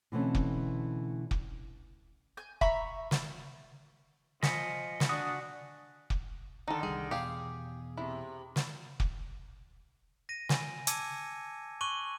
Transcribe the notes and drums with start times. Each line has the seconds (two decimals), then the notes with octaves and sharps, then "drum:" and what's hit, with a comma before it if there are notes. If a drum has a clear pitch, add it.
0.12 B2 D3 E3 A3 C4 C#4
0.35 drum: kick
1.31 drum: kick
2.37 G#5 G6
2.61 E5 A#5 B5 C#6, drum: kick
3.11 drum: snare
4.43 F3 D#5 G#5 B6 C#7, drum: snare
5.00 drum: snare
5.09 D4 F#4 D#6
6.10 drum: kick
6.68 D3 D#3 D#4 A4
6.83 C2 G3 G#4
7.11 E2 B2 G4 G#4 F5
7.97 C3 E4
8.56 drum: snare
9.00 drum: kick
10.29 A#6 D#7
10.49 G#5, drum: snare
10.87 A5 D6 E6 G#6 C#7 D#7, drum: hi-hat
11.81 C#6 D6 F#6 D#7 F#7